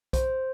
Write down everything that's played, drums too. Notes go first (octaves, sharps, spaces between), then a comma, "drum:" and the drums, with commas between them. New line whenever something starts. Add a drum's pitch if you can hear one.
C5, drum: kick B1, hi-hat